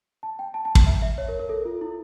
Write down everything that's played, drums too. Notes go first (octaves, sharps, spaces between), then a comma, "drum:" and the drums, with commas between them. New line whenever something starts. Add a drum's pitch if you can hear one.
A5
G5
A5
A5
drum: kick
E5
E5
C#5
A#4
A#4
A4
F4
E4